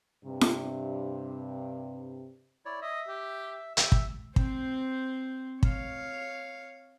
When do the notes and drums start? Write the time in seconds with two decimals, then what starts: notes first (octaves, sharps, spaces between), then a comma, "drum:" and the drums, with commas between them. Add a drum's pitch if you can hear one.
0.24 G2 C3
0.41 drum: snare
2.65 E4 C#5 D5
2.82 D#5 E5
3.08 G4
3.77 G4 E5 G5, drum: hi-hat
3.92 drum: kick
4.36 C4 C5, drum: kick
5.63 C#5 F5, drum: kick